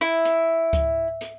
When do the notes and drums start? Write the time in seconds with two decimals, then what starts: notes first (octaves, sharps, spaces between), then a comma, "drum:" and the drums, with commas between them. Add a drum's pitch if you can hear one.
0.01 E4
0.25 drum: hi-hat
0.73 drum: kick C#2, hi-hat
1.21 drum: hi-hat